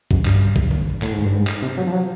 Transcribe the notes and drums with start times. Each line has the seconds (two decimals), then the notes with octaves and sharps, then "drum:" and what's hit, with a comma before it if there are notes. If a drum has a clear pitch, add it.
0.11 F#2, drum: kick A#1
0.25 G2, drum: clap
0.56 drum: kick A#1
0.71 drum: tom D3
1.02 A2, drum: clap
1.13 G#2
1.24 G2
1.35 G#2
1.47 drum: clap
1.62 C3
1.77 F#3
1.87 F3
1.92 F#3